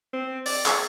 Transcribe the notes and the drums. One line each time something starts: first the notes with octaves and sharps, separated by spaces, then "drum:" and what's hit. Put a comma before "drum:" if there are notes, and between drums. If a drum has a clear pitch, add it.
C4
D5, drum: open hi-hat
G#4, drum: clap